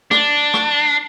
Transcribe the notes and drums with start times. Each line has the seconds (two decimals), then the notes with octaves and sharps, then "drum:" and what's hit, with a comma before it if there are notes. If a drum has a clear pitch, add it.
0.11 D4, drum: rim click
0.54 drum: rim click